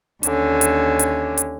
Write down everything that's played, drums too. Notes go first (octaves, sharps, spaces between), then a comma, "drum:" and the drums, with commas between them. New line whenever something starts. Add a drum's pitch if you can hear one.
D#2 D3 C#4, drum: hi-hat
drum: hi-hat
drum: hi-hat
drum: hi-hat